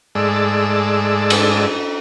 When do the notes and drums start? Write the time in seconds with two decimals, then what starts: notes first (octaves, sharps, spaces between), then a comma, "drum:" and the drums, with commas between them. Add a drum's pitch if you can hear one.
0.15 G#2 G#3 A3 D5 E6
1.30 drum: cymbal